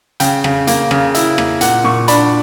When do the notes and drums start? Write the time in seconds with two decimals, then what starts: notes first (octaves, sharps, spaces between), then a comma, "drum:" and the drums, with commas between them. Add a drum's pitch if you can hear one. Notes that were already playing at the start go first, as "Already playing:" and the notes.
0.20 C#3 G5, drum: hi-hat
0.44 C#3, drum: rim click
0.67 A#3, drum: hi-hat
0.91 C#3, drum: rim click
1.15 E4, drum: hi-hat
1.38 A#3, drum: rim click
1.61 A#2 F#5, drum: hi-hat
1.84 A#2 C#6
2.08 D4 B5, drum: hi-hat